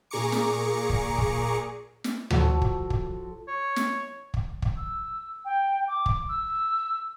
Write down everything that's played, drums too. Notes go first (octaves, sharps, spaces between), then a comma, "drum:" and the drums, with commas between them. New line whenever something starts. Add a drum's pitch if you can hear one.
A#2 G#4 A#5 C#6 D6 C#7
drum: snare
drum: kick
drum: kick
drum: snare
F3 F#3 A4 A#5, drum: tom D2
drum: kick
drum: kick
C#5
drum: snare
drum: kick
drum: kick
E6
G5
D6
drum: kick
E6